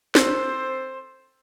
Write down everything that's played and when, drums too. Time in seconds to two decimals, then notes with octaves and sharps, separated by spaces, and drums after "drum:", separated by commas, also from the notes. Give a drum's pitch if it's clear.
0.15 C4 A4 C5, drum: snare